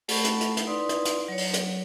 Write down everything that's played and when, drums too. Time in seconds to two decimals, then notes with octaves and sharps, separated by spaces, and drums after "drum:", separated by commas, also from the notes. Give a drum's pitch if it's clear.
0.08 A3 A4 F#5 A5 B5 C#6, drum: open hi-hat
0.25 drum: hi-hat
0.41 drum: hi-hat
0.57 drum: hi-hat
0.67 D#4 E4 B4 D5 C6 D#6
0.89 drum: hi-hat
1.05 drum: hi-hat
1.28 F#3 C#5
1.38 drum: open hi-hat
1.54 drum: hi-hat